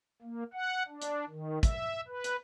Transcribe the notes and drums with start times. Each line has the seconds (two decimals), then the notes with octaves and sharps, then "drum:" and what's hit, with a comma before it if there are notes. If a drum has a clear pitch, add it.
0.22 A#3
0.53 F#5
0.88 D4
1.02 drum: hi-hat
1.29 D#3
1.63 E5, drum: kick, hi-hat
2.08 B4
2.24 drum: hi-hat